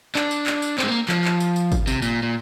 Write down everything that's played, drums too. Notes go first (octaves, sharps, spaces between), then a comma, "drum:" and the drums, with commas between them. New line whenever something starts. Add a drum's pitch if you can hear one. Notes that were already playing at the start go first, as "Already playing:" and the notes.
D4, drum: clap
drum: tambourine
drum: clap
drum: tambourine
G#3 C4, drum: clap
A#3
F3, drum: clap
drum: clap
drum: tambourine
drum: tambourine
drum: kick, tambourine
C3, drum: tambourine
A#2, drum: tambourine
A#2